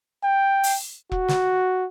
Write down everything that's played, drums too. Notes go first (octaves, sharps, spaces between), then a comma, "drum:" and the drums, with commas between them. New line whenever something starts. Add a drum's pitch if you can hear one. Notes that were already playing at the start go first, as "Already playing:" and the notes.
G5
drum: open hi-hat
F#4, drum: kick E1
drum: snare